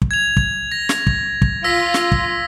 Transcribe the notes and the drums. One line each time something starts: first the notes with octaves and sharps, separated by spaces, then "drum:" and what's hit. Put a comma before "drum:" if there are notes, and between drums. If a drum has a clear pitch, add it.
drum: kick
G#6 F7
drum: kick
A#6
drum: snare
drum: kick
drum: kick
F4 E6 A#6 B6
drum: snare
drum: kick